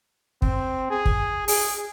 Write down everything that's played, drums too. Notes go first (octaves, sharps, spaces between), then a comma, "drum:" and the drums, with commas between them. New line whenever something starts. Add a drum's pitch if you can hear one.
C4, drum: kick
G#4
drum: kick
G#4, drum: open hi-hat